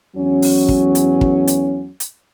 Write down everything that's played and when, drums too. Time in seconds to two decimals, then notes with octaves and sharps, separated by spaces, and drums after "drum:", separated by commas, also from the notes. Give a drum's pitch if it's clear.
0.16 E2 F#3 C#4
0.42 drum: open hi-hat
0.69 drum: kick
0.95 drum: hi-hat
1.21 drum: kick
1.47 drum: hi-hat
2.00 drum: hi-hat